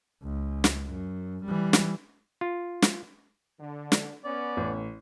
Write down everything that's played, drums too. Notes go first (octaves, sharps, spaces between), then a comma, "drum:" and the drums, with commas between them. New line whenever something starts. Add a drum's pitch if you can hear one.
C#2
drum: snare
F#2
E3 G3
drum: snare
F4
drum: snare
D3
drum: snare
B3 C#4 D5
A1